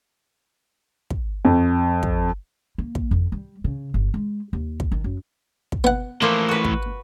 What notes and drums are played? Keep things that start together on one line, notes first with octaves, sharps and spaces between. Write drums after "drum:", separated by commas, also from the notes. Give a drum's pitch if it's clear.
drum: kick
F2
drum: kick
A#3
drum: kick
F2
G3
C#3
G1
G#3
D#2
drum: kick
D#3
F#2
drum: kick
B3 F#5
A2 E3 F3 A#3
F#4 B4
drum: kick